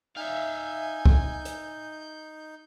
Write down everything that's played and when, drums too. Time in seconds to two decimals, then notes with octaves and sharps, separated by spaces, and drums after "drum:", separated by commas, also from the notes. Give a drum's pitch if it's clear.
0.16 D#4 E5 F5 G#5 G6
1.05 drum: kick C2
1.45 drum: hi-hat